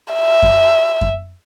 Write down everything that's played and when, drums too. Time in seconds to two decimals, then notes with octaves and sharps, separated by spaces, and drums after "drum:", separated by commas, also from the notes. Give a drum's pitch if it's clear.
0.13 E5
0.43 drum: kick F#2
1.01 drum: kick F#2